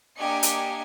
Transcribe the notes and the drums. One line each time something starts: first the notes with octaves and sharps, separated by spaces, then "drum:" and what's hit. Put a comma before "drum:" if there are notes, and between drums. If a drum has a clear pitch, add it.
A#3 D4 G4 D#5 G#5 C#7
drum: hi-hat